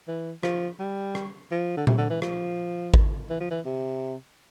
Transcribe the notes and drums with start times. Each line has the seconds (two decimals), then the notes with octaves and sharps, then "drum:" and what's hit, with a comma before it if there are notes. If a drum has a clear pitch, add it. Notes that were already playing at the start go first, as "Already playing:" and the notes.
0.08 E3
0.43 F3, drum: rim click
0.79 G3
1.15 drum: rim click
1.51 F3
1.77 D3
1.87 C3, drum: tom A#2
1.98 D3
2.10 E3
2.22 F3, drum: rim click
2.94 drum: kick G#1
3.30 E3
3.40 F3
3.51 E3
3.65 C3